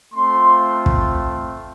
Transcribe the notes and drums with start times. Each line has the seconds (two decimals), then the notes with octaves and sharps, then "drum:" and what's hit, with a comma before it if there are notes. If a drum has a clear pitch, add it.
0.12 A3 C4 F4 C6
0.86 drum: kick